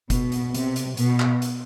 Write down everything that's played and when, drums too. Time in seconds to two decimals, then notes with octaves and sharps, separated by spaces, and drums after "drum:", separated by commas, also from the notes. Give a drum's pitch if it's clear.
0.10 B2, drum: kick F#1, hi-hat
0.32 drum: hi-hat
0.54 C3, drum: hi-hat
0.76 drum: hi-hat
0.97 B2, drum: hi-hat
1.20 drum: clap
1.42 drum: hi-hat